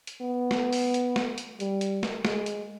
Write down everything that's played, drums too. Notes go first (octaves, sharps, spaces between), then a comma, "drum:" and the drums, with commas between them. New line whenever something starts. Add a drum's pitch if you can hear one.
drum: hi-hat
B3
drum: snare
drum: open hi-hat
drum: hi-hat
drum: snare
drum: hi-hat
G3, drum: hi-hat
drum: hi-hat
drum: snare
G#3, drum: snare
drum: hi-hat